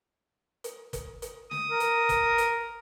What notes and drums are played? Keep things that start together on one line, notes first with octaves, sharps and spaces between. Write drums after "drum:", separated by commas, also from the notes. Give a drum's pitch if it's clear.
drum: hi-hat
drum: kick, hi-hat
drum: hi-hat
D#6, drum: snare
A#4
drum: hi-hat
drum: kick, hi-hat
drum: hi-hat